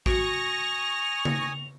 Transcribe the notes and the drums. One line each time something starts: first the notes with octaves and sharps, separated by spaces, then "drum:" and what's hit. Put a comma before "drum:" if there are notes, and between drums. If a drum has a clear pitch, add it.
F#4 G#5 C#6 D#6 A#6 F7, drum: kick A1
drum: tom C#3